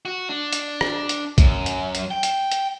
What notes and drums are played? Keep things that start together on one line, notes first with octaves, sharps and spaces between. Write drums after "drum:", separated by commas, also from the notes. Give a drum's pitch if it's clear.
F#4
D4
drum: hi-hat
drum: rim click
drum: hi-hat
F#2, drum: kick A#1, hi-hat
drum: hi-hat
drum: hi-hat
G5
drum: hi-hat
drum: hi-hat